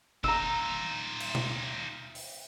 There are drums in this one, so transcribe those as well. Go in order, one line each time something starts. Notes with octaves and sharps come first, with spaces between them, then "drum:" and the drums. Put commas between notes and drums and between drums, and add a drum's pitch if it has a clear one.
D#4 F4 A#5 E6, drum: kick
drum: cymbal
drum: tom B2
drum: open hi-hat